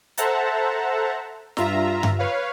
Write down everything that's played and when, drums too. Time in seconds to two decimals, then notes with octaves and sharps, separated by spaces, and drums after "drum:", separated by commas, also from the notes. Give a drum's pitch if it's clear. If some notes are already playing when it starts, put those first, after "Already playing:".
0.17 A4 C5 E5 F#5 A5 A#5, drum: hi-hat
1.57 G2 F4 E5 A#5, drum: snare
2.03 drum: tom G2
2.19 B4 C#5 F5